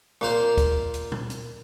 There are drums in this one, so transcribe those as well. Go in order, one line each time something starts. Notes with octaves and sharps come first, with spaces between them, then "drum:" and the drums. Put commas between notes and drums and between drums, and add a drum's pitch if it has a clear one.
A#2 A#3 C5, drum: rim click
drum: kick D2, hi-hat
drum: hi-hat
drum: tom A#2
drum: hi-hat